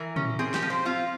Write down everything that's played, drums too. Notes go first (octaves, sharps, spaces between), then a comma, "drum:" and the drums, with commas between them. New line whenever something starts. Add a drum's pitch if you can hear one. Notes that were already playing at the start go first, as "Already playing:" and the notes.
Already playing: E3 A#4
C#4, drum: tom
C4 G#4
G4, drum: snare
F3
C5
C4 F4